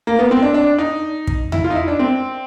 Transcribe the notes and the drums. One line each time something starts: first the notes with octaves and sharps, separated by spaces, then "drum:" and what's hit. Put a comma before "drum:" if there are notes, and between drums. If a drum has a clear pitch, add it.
A#3
B3
C4
D4
D4
D#4
drum: kick
E4, drum: tom E2
F4
D#4
E4
D4
C4